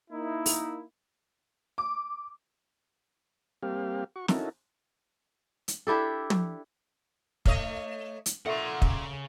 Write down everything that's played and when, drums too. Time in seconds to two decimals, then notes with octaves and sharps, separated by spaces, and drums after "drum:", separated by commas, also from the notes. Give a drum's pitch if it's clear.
0.11 A#3 D#4 E4
0.46 drum: open hi-hat
1.78 D6
3.63 G3 A#3 C4 G4 F5
4.16 F#4 C#6
4.28 C#4 D#4 E4 F#4 A4 A#4, drum: snare
5.68 drum: hi-hat
5.87 D4 E4 G4 A4
6.30 drum: tom
7.46 A3 C#5 D#5, drum: kick
8.26 drum: hi-hat
8.46 A#2 A4 E5 F#5 C6 C#6
8.82 C#3 F#5, drum: kick